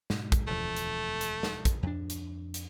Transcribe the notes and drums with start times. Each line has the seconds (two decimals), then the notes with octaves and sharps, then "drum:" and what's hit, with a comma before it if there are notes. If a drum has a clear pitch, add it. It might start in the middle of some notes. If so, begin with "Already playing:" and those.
0.10 G#2 B2, drum: snare
0.32 drum: kick, hi-hat
0.48 E1 D2 F3 A3
0.77 drum: hi-hat
1.21 drum: hi-hat
1.43 drum: snare
1.65 drum: kick, hi-hat
1.83 F2 D4
2.10 drum: hi-hat
2.54 drum: hi-hat